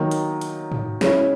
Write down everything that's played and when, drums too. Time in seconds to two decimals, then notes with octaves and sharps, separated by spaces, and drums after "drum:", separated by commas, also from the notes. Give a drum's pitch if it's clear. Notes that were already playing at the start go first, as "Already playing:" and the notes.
Already playing: D#3 F#3 A#3 D#4 A#4
0.11 drum: hi-hat
0.41 drum: hi-hat
0.72 drum: tom G#2
1.01 C#3 G#3 C#4 E4, drum: snare